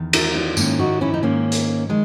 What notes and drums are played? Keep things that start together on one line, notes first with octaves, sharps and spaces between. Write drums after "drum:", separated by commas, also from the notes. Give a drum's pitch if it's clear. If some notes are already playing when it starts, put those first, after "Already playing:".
Already playing: E2 D#3
F#4 A#4, drum: cymbal
D#4 F#4
G#2 D#3 A#3 C#4, drum: tambourine
D#4 F#4
C#4 E4
D#4
G#2 D#3 A#3 C#4
drum: hi-hat
D#3 G#3